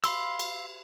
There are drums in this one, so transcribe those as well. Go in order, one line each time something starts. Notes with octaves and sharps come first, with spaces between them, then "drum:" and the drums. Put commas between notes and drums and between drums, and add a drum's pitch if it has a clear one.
F5 B5 C6 E6, drum: cymbal
drum: cymbal